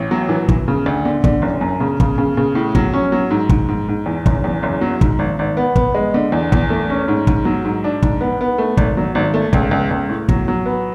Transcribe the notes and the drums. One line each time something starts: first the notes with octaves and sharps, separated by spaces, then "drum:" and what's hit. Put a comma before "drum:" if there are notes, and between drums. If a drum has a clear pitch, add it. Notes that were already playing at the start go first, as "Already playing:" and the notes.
Already playing: A1
F#3
E3
E3, drum: kick
C#3
D2
D3
D3, drum: kick
F#1
F#2
C#3
C#3, drum: kick
C#3
C#3
A2
F#3, drum: kick
C#4
F#3
G#2
G#2, drum: kick
G#2
G#2
E2
F#1, drum: kick
E2
F#1
F#3
G#2, drum: kick
G#1
G#1
B3
B3, drum: kick
G#3
D3
E2
E2, drum: kick
A3
C#4
G#2
G#2, drum: kick
F#3
G#2
D4
G#2, drum: kick
B3
B3
A3
G#1, drum: kick
F#3
G#1
A3
C#2, drum: kick
C#2
C#2
A2
F#3, drum: kick
F#3
B3